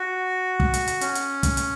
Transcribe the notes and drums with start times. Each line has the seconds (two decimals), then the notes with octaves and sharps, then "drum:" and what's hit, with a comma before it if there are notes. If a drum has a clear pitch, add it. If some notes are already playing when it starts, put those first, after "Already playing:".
Already playing: F#4
0.60 drum: kick
0.74 drum: hi-hat
0.87 drum: hi-hat
1.01 C#4, drum: hi-hat
1.15 drum: hi-hat
1.43 drum: kick, hi-hat
1.57 drum: hi-hat